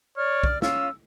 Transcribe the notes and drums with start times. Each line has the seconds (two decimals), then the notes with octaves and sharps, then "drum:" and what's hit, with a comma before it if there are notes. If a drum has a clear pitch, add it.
0.17 C#5 D5 F6
0.43 drum: kick B1
0.62 C#4 F4 F5 E6, drum: snare